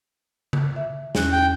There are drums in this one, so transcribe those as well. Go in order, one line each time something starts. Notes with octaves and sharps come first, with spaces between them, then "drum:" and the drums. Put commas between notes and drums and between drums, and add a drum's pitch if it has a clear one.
drum: tom C#3
E5
E2 C#4 F#6, drum: snare
G5